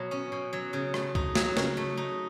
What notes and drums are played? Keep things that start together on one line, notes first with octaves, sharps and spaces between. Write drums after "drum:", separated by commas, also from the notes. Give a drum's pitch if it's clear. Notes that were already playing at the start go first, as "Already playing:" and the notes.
Already playing: B2 F#3
C#4
B2
F#3
C#3
A3, drum: rim click
D#4, drum: kick
F#3, drum: snare
C#3, drum: snare
A3
D#4